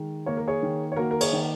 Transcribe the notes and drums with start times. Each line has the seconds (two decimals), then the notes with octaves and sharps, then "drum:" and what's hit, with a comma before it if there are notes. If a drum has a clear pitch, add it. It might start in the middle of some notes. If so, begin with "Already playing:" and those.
Already playing: D#3 G#3
0.26 A#3 C#5
0.37 A#4
0.48 G#4 C#5
0.63 D#3
0.92 C#5
0.96 A#3 F#4 A#4
1.11 A#4
1.21 G#4 C#5, drum: cymbal
1.33 D#3